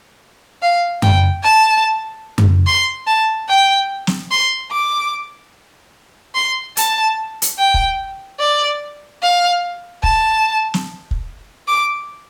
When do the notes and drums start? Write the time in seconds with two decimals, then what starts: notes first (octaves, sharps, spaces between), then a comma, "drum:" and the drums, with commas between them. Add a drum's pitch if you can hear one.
0.62 F5
1.02 G5, drum: tom F#2
1.44 A5
2.38 drum: tom F#2
2.66 C6
3.07 A5
3.49 G5
4.07 drum: snare
4.31 C6
4.72 D6
6.35 C6
6.77 A5, drum: hi-hat
7.42 drum: hi-hat
7.58 G5
7.74 drum: kick
8.40 D5
9.22 F5
10.03 A5, drum: kick
10.74 drum: snare
11.11 drum: kick
11.68 D6